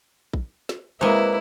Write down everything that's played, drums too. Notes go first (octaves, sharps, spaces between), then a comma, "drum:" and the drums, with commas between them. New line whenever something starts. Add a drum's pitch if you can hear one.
drum: kick
drum: snare
C3 G#3 A#3 E4 B4 C#5